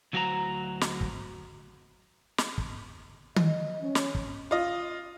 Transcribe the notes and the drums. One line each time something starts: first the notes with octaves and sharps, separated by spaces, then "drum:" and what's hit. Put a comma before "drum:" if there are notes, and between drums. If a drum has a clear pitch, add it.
D2 F#3 F#4 C5 C#5 A#5
drum: snare
drum: kick
drum: snare
drum: kick
D#5, drum: tom D#3
C#4
drum: snare
drum: kick
F4 D#5